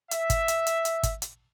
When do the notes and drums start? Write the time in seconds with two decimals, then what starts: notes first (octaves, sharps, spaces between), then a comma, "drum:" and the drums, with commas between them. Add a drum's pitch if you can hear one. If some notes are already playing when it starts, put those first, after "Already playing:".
0.11 E5, drum: hi-hat
0.30 drum: kick, hi-hat
0.48 drum: hi-hat
0.67 drum: hi-hat
0.85 drum: hi-hat
1.03 drum: kick, hi-hat
1.22 drum: hi-hat